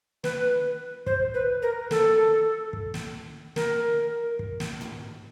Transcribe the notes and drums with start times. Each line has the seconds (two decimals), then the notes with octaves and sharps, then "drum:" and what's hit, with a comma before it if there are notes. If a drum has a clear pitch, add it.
0.24 B4, drum: snare
1.06 C5, drum: kick
1.34 B4
1.62 A#4
1.91 A4, drum: snare
2.73 drum: kick
2.94 drum: snare
3.56 A#4, drum: snare
4.39 drum: kick
4.60 drum: snare
4.81 drum: tom